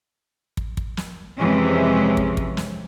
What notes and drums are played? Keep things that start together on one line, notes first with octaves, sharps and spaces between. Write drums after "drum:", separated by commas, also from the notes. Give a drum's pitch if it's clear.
drum: kick
drum: kick
drum: snare
F2 C3 E3 G#3 C#4
drum: kick
drum: kick
drum: snare